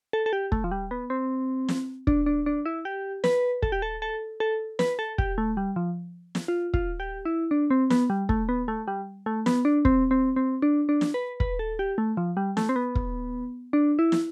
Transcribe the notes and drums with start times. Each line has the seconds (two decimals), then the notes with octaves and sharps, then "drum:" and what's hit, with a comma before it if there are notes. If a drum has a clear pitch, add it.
0.13 A4
0.26 A4
0.33 G4
0.52 A3, drum: kick
0.64 F3
0.71 G3
0.91 B3
1.10 C4
1.69 drum: snare
2.07 D4, drum: kick
2.26 D4
2.46 D4
2.66 E4
2.85 G4
3.24 B4, drum: snare
3.62 A4, drum: kick
3.72 G4
3.82 A4
4.02 A4
4.40 A4
4.79 B4, drum: snare
4.99 A4
5.18 G4, drum: kick
5.38 A3
5.57 G3
5.76 F3
6.35 drum: snare
6.48 F4
6.74 F4, drum: kick
7.00 G4
7.25 E4
7.51 D4
7.70 C4
7.90 B3, drum: snare
8.10 G3
8.29 A3, drum: kick
8.49 B3
8.68 A3
8.88 G3
9.26 A3
9.46 B3, drum: snare
9.65 D4
9.85 C4, drum: kick
10.11 C4
10.36 C4
10.62 D4
10.89 D4
11.01 drum: snare
11.14 B4
11.40 B4, drum: kick
11.59 A4
11.79 G4
11.98 A3
12.17 F3
12.37 G3
12.57 A3, drum: snare
12.69 C4
12.76 B3
12.95 drum: kick
13.73 D4
13.99 E4
14.12 drum: snare